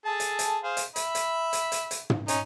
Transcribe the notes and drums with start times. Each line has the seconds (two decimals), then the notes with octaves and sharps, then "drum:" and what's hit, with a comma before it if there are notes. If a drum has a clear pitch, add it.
0.05 G#4 A4 A5
0.20 drum: hi-hat
0.39 drum: hi-hat
0.64 G#4 C5 F5
0.77 drum: hi-hat
0.96 E5 B5, drum: hi-hat
1.15 drum: hi-hat
1.53 drum: hi-hat
1.72 drum: hi-hat
1.91 drum: hi-hat
2.10 drum: tom
2.28 C#4 D#4, drum: hi-hat